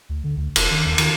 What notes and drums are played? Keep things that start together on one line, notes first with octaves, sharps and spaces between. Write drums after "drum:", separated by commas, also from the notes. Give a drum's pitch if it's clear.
D2
D3
D2
E1, drum: cymbal
D#3
D#2
D#3, drum: cymbal